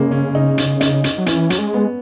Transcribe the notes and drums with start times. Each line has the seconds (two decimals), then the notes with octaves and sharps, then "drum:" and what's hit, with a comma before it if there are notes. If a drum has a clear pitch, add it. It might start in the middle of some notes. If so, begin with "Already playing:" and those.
Already playing: C#3 G#3 A#3
0.11 C#4
0.35 D#4
0.58 drum: hi-hat
0.81 D#4, drum: hi-hat
1.04 drum: hi-hat
1.18 F#3
1.26 E3 C#4, drum: hi-hat
1.50 F#3, drum: hi-hat
1.58 G#3
1.74 B3